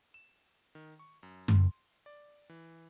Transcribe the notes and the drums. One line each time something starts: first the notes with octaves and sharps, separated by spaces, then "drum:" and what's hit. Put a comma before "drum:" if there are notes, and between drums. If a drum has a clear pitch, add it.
E7
D#3
C#6
F#2
C6, drum: tom F#2
D5
E3